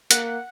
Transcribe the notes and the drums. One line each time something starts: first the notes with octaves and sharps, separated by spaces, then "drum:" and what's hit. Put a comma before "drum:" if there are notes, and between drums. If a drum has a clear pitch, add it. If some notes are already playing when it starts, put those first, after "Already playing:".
A#3 F#5, drum: hi-hat